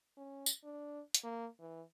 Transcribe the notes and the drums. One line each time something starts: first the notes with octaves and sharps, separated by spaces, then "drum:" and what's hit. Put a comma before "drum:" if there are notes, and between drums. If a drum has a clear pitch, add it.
C#4
drum: tambourine
D4
drum: hi-hat
A#3
E3